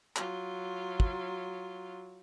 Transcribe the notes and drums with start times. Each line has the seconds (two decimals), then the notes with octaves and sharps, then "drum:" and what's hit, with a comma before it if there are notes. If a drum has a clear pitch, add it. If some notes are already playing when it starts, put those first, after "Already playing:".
0.16 F#3 F4, drum: clap
1.00 drum: kick